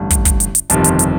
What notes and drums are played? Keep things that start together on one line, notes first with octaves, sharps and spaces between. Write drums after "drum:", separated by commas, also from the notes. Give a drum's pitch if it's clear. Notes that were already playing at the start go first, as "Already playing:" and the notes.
Already playing: A1 G2 D3
drum: kick, hi-hat
drum: kick, hi-hat
drum: hi-hat
drum: hi-hat
G1 F2 C3 D#3 A5, drum: hi-hat
drum: hi-hat
drum: hi-hat